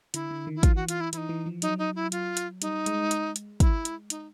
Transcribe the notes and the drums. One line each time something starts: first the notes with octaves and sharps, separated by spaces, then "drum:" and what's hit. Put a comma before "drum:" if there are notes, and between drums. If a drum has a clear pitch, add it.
D3 E4, drum: hi-hat
D3
D#3
E4
E3 F4, drum: kick, hi-hat
F#4
F4, drum: hi-hat
E4
E3 D#4 E4, drum: hi-hat
E3
F3
F#3 D#4, drum: hi-hat
D#4
E4
F4, drum: hi-hat
drum: hi-hat
G3 D#4, drum: hi-hat
G#3, drum: hi-hat
drum: hi-hat
drum: hi-hat
E4, drum: kick, hi-hat
drum: hi-hat
D#4, drum: hi-hat